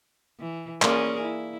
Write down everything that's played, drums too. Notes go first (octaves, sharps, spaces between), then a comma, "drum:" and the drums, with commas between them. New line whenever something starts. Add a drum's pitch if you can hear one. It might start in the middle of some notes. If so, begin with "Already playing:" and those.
E3
A#3 C#4 D4 F4 G#4 A#4, drum: clap
E4